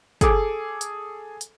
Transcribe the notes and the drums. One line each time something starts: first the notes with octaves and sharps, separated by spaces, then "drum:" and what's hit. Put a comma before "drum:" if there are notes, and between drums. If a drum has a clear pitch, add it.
G#4 A4 D6, drum: kick, hi-hat
drum: hi-hat
drum: hi-hat